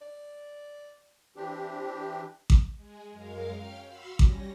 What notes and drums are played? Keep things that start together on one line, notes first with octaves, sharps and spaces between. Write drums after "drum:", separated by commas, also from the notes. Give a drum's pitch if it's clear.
D5
E3 C4 D4 G4
drum: kick A1
G#3 G#4
F#2 G#3 A#4 F5
C#4 F5 G5 F6
F#4 F5 B5 C6 E6
G3 C#4 A#6, drum: kick A1